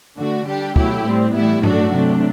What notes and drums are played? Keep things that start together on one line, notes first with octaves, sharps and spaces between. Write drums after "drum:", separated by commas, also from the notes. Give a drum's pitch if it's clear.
D3 A3 D4 F#4
G3 D4 G4
B2 F#3 A3 E4 G4, drum: kick
A2 G3 C4
A2 E3 G3 B3 E4
F#3 A3 D4 F#4, drum: tom G2
C3 F#3 A3 D4